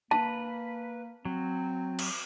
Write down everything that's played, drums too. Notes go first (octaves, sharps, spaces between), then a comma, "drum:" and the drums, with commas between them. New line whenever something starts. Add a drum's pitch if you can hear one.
A#3 B4 A5
F#3 C4
drum: cymbal